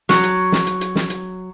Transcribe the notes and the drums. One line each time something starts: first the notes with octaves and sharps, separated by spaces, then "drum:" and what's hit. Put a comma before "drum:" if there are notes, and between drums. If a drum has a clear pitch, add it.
F#3, drum: snare
drum: hi-hat
drum: snare
drum: hi-hat
drum: hi-hat
drum: snare
drum: hi-hat